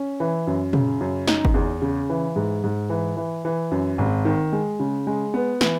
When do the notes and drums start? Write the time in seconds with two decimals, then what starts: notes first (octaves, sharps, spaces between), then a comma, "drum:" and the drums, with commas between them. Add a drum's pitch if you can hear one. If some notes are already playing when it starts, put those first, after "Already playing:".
Already playing: C#4
0.20 E3
0.47 F#2
0.73 C#3, drum: tom A#2
1.01 F#2
1.27 D#4, drum: snare
1.45 drum: kick G1
1.54 E2
1.82 C#3
2.10 E3
2.36 G#2
2.64 G#2
2.90 E3
3.17 E3
3.45 E3
3.71 F#2
3.98 G#1
4.25 D#3
4.53 G#3
4.80 C#3
5.07 G#3
5.34 B3
5.61 E3, drum: snare